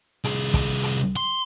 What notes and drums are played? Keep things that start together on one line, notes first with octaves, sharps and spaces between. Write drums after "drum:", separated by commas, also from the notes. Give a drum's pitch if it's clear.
C2 G#4, drum: hi-hat
drum: kick, hi-hat
drum: hi-hat
C6